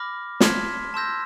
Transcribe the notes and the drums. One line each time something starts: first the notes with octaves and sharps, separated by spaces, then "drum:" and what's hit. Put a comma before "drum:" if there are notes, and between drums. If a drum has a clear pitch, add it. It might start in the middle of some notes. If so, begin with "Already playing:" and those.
Already playing: B5 D6 F6 A#6
A5 C6 F6 G#6 B6, drum: snare
A5 C6 E6 G6 A#6